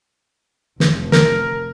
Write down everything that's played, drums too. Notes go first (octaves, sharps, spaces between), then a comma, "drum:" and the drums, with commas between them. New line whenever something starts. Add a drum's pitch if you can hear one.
F1, drum: snare
A#4, drum: snare